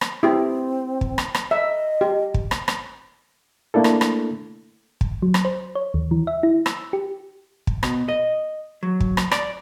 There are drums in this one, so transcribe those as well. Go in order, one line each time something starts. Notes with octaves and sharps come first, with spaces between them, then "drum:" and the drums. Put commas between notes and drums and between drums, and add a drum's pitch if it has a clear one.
drum: rim click
C4 E4 G4
drum: kick
drum: rim click
drum: rim click
D#5 E5
G4
drum: kick
drum: rim click
drum: rim click
A3 A#3 D4 E4 A4
drum: rim click
drum: rim click
drum: kick
F#3
drum: rim click
C5
C#5
D#2
E3
E5
E4
E6, drum: rim click
G4
drum: kick
B2, drum: rim click
D#5
F#3
drum: kick
drum: rim click
D5, drum: rim click